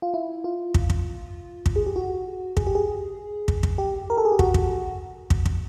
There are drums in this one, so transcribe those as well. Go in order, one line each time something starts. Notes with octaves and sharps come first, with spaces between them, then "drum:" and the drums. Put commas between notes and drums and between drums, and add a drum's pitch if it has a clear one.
F4
E4
F4
drum: kick
drum: kick
drum: kick
G#4
G4
F#4
G#4, drum: kick
G4
G#4
drum: kick
drum: kick
G4
A#4
A4
G#4
G4
F#4, drum: kick
drum: kick
drum: kick
drum: kick